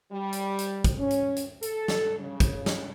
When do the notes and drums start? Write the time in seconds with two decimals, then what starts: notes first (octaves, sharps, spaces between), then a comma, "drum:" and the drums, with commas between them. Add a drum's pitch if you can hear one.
0.12 G3
0.33 drum: hi-hat
0.59 drum: hi-hat
0.84 drum: kick, hi-hat
0.98 C#4
1.10 drum: hi-hat
1.36 drum: hi-hat
1.62 A4, drum: hi-hat
1.88 drum: snare
2.19 C#3
2.40 drum: kick, hi-hat
2.66 drum: snare